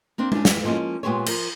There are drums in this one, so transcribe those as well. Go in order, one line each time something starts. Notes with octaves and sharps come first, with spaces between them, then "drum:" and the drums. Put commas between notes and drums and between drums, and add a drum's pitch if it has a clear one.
A#3 C4 D4
C#4 D4, drum: tom G#3
E3, drum: snare
D3 F3 G#3 A#3 C#4
A#2 G#3 B3 G4 C5 C#5
F3 A#4, drum: cymbal